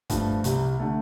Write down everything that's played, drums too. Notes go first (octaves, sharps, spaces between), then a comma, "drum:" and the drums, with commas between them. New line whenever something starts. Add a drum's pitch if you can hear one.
G2 F3 A3, drum: kick, hi-hat
C2 C3 G3, drum: hi-hat
D3 A3